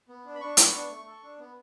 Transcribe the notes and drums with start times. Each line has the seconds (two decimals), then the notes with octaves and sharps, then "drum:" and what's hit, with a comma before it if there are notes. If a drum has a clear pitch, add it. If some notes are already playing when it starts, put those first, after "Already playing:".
0.08 B3
0.25 D4
0.35 B5
0.41 D4 C#6
0.57 B3, drum: hi-hat
0.74 D4
0.90 A3
1.07 A4
1.23 D4
1.39 B3